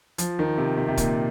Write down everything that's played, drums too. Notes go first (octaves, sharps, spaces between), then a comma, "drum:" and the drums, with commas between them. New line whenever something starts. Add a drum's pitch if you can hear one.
F3, drum: hi-hat
D#3
C3
C3
C3
A#2, drum: kick, hi-hat